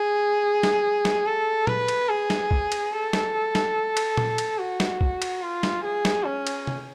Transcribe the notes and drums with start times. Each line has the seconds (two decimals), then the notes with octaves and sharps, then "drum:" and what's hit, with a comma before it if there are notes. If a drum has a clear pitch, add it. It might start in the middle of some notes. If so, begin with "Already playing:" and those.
Already playing: G#4
0.63 drum: snare
1.05 drum: snare
1.26 A4
1.67 B4, drum: tom A#2
1.88 drum: cymbal
2.09 G#4
2.30 drum: snare
2.51 drum: kick
2.72 drum: cymbal
2.93 A4
3.13 drum: snare
3.55 drum: snare
3.97 drum: cymbal
4.17 drum: tom A#2
4.38 drum: cymbal
4.59 F#4
4.80 drum: snare
5.01 drum: kick
5.22 drum: cymbal
5.42 F4
5.63 drum: snare
5.84 G#4
6.05 drum: snare
6.26 C#4
6.47 drum: cymbal
6.67 drum: tom